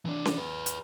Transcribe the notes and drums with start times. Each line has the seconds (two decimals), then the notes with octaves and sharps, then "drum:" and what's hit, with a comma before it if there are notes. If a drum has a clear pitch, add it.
0.05 E3 D4
0.25 drum: snare C#4
0.38 G#4 B4
0.66 drum: hi-hat